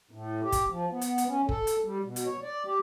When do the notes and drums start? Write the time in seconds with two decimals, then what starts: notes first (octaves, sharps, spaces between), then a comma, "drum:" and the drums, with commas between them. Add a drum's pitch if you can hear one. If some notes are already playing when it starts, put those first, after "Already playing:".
0.11 A2
0.43 G4
0.52 drum: kick F#1, hi-hat
0.70 F3
0.91 B3
1.01 drum: hi-hat
1.18 drum: hi-hat
1.27 C#4
1.49 A4, drum: kick F#1
1.67 drum: hi-hat
1.84 G3
2.04 B2
2.16 drum: hi-hat
2.26 C#5
2.42 D5
2.65 G4